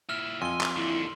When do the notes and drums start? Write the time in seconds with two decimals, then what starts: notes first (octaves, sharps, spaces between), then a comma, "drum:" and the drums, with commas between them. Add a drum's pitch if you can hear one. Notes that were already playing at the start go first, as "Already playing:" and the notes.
0.09 A#2 E4 E6 F6
0.42 F2 G#5 C6 G7
0.61 drum: clap
0.76 D#2 D3 E4